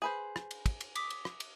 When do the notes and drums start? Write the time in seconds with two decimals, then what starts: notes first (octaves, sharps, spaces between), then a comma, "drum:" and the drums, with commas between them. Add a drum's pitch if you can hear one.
0.02 G#4 B4 C5
0.36 drum: rim click
0.51 drum: cymbal
0.66 drum: kick, cymbal
0.81 drum: cymbal
0.95 D6 D#6 B6, drum: cymbal
1.10 drum: cymbal
1.25 drum: rim click
1.40 drum: cymbal